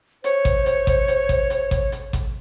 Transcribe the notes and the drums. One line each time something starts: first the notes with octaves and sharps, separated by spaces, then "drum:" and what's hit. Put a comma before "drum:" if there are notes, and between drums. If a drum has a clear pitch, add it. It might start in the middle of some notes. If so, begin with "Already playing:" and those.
C5 C#5, drum: hi-hat
drum: kick G#1, hi-hat
drum: hi-hat
drum: kick G#1, hi-hat
drum: hi-hat
drum: kick G#1, hi-hat
drum: hi-hat
drum: kick G#1, hi-hat
drum: hi-hat
drum: kick G#1, hi-hat